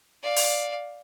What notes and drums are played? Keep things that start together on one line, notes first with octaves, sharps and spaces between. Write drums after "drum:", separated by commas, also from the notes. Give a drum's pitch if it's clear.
D5 F5
drum: open hi-hat